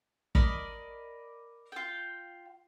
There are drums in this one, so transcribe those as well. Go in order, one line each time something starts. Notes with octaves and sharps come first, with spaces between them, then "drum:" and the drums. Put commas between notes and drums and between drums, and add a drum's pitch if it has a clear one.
A#4 D5 D#5 B5, drum: kick
F4 G5